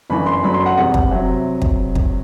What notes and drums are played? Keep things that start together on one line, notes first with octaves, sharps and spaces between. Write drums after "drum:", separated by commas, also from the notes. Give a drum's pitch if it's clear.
G1 F#2 E3 B5
C6
G1 F#2 F#3 B5
C6
F#5
E1 E2 C3 G3 F#5
drum: kick
C3 F#3 C4 E5
drum: kick
drum: kick